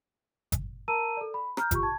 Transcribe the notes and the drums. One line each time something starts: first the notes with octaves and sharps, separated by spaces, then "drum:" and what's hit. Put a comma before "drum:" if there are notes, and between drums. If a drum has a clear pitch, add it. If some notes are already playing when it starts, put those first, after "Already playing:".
drum: kick G1, hi-hat
A#4 A5 A#5 E6 D#7
A4 D5
B5
A#5 F6 G6, drum: rim click
F4 G4 C#6, drum: kick G1, hi-hat
A5 G#6